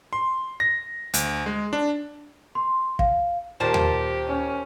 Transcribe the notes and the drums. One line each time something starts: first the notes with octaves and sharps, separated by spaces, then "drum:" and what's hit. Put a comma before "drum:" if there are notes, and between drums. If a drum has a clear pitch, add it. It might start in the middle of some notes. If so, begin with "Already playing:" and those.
C6
A#6
D2, drum: hi-hat
G#3
D4
C6
F5, drum: kick
D#2 A#2 G4 C5 A5
drum: tom D#2
C#4